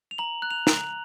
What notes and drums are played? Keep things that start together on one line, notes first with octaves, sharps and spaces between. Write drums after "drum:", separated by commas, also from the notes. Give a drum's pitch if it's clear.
F7
A#5 F#7
F#6
F7
A#5, drum: snare